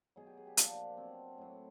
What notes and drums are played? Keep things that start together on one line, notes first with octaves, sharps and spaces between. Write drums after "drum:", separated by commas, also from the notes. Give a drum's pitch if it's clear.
B2 F#3 G#4
G4
G#4
G4
A#2 F3 D4, drum: hi-hat
B2 F#3 C4
A2 F#3